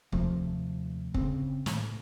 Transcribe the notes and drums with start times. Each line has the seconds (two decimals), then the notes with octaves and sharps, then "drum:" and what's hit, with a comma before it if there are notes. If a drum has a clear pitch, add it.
0.12 D#2 C3 F3 A3, drum: kick
1.14 C#3 C4, drum: kick
1.66 A2, drum: snare